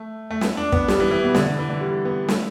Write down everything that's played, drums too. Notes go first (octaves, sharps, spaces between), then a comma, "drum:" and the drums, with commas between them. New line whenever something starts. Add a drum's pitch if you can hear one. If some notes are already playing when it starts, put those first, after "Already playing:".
Already playing: A3
A3
B3, drum: snare
D4
B3, drum: kick
G3, drum: snare
E3
E3
B2
D3, drum: snare
D3
E3
D3
G3
B3
A3, drum: snare